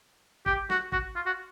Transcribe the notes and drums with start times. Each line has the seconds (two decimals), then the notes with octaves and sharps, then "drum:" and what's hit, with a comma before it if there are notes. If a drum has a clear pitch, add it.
0.46 G4, drum: kick G1
0.70 F#4, drum: snare
0.92 F#4, drum: kick G1
1.15 F4
1.26 F#4